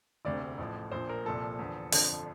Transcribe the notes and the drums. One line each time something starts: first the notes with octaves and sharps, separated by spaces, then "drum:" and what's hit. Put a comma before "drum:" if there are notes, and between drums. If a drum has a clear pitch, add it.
E1 D2 C3 D5
A1 A2 F3
A#1 A#2 F3 C5
A#4
C2 A#2 F3 A4
E2 D3 F3
G1 F2 D3 F3, drum: open hi-hat